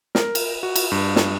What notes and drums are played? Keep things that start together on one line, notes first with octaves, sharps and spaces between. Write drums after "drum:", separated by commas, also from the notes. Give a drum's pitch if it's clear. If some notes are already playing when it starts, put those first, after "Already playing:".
A#4, drum: snare
drum: cymbal
F#4
drum: cymbal
G2
drum: snare